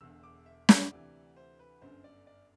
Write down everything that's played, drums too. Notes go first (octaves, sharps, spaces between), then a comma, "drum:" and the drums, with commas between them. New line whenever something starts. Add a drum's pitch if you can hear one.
E1 E2 D3 E6
D6
E5
D5, drum: snare
D2 C3 E3
C5
B4
G1 F#2 D3 C5
D5
D5